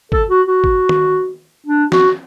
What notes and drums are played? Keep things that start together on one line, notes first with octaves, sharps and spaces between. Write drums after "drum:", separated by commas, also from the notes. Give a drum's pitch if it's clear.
A4, drum: kick
F#4
F#4
drum: kick
drum: tom
D4
F#4, drum: snare